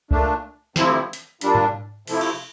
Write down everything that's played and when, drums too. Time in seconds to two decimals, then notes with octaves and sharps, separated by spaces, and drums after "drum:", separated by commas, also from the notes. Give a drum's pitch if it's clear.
0.11 A#2 A3 D4, drum: kick C2
0.76 D2 C3 F3 C4 E4, drum: snare
1.13 drum: hi-hat
1.41 A#2 G3 D4, drum: hi-hat
1.55 drum: tom G#2
2.07 C3 F3 A3 E4, drum: open hi-hat
2.21 drum: cymbal